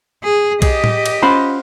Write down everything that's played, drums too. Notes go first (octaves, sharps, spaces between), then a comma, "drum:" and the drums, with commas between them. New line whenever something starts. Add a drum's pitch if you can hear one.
G#4
G4 G#4 D#5, drum: kick B1, cymbal
drum: tom A2
drum: cymbal
C#4 F4 C5 F5 F#5 B5